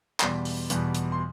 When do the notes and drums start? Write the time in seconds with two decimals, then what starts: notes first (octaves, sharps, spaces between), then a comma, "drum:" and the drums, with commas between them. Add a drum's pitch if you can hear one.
0.20 E2 B2 G3 B3 C6, drum: clap
0.45 drum: open hi-hat
0.70 E2 B2 G3 B3, drum: hi-hat
0.94 drum: hi-hat
1.12 C6